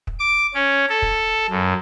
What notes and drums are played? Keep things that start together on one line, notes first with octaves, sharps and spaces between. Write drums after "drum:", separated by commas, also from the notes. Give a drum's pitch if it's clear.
drum: kick
D6
C#4
A4
drum: kick
F#2